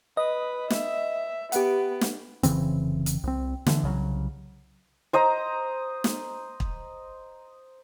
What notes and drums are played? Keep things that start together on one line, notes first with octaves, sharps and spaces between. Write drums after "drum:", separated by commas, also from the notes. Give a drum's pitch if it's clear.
B4 D#5
E5, drum: snare
B3 G4 F#5, drum: hi-hat
drum: snare
F1 C#3 E3 C4, drum: hi-hat
drum: hi-hat
C2 C4
D3 E3, drum: snare
C2 C#3 F#3
C5 D#5 A#5
drum: snare
drum: kick